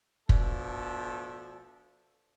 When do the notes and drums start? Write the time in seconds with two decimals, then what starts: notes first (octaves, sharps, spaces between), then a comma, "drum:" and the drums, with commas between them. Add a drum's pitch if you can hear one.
0.29 B2 F3 A3 D4 A4, drum: kick